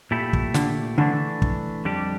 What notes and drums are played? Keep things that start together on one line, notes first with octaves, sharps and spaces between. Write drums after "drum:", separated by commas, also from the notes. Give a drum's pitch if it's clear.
A#2 A3 E4 G4
drum: kick
D3, drum: snare
D3 E3 A3 D4
drum: kick
F2 D3 G3 D4 G4